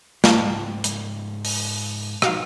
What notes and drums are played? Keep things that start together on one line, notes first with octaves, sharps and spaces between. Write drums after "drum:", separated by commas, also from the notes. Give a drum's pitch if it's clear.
G#2 F3 F5 G5 A5 A#5, drum: snare
drum: hi-hat
drum: open hi-hat
B2 F3 D#4 F#4 F5, drum: rim click